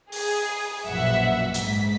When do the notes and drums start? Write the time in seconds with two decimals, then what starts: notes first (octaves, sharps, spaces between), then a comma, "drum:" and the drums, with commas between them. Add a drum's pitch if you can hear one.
0.12 G#4, drum: open hi-hat
0.86 A#1 F#2 B2 E5 F#5
1.54 G#2 B6, drum: hi-hat